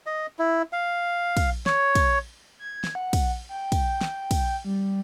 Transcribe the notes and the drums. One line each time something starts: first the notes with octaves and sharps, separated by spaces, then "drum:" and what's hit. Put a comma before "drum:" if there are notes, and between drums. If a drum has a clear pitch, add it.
D#5
E4
F5
drum: kick, cymbal
C#5, drum: snare
drum: kick, cymbal
G#6
drum: snare
F#5
drum: kick, cymbal
G5
drum: kick, cymbal
drum: snare
drum: kick, cymbal
G3